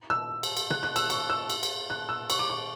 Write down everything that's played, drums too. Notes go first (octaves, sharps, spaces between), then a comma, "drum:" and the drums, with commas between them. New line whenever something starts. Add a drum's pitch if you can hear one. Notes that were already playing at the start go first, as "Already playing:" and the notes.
E6
drum: cymbal
drum: cymbal
F#6, drum: tom
F#6
E6, drum: cymbal
C#6, drum: cymbal
E6
drum: cymbal
drum: cymbal
F#6
E6
C#6, drum: cymbal
D6
C#6